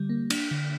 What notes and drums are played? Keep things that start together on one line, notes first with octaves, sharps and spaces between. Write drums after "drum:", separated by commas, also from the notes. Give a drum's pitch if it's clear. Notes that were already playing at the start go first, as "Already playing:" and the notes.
Already playing: D3 G3
A#3
D4, drum: cymbal
D3